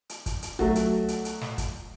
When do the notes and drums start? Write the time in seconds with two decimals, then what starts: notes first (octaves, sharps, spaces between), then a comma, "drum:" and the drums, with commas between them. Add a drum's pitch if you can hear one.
0.09 drum: hi-hat
0.26 drum: kick, hi-hat
0.42 drum: hi-hat
0.59 F#3 A3 F#4, drum: tom B1
0.75 drum: hi-hat
1.08 drum: hi-hat
1.25 drum: hi-hat
1.41 drum: snare
1.58 drum: kick, hi-hat